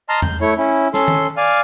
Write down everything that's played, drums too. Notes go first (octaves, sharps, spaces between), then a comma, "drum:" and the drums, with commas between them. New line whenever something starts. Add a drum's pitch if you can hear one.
D#5 A5 A#5 C6 F6
G6, drum: tom E2
A3 E4 C#5
C#4 E4
C#4 A4 C6, drum: snare
drum: tom
D5 F5 G#5 F6